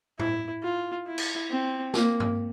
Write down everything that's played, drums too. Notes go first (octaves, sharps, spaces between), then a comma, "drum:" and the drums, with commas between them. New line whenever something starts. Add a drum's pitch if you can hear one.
E4, drum: tom A2
F4
E4
drum: cymbal
C4
A#3, drum: snare
drum: tom G2